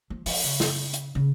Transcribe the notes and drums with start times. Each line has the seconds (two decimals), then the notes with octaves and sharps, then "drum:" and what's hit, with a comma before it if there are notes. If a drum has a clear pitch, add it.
0.10 F3
0.26 F3, drum: open hi-hat
0.44 C#3
0.60 drum: snare
0.93 drum: hi-hat
1.15 C#3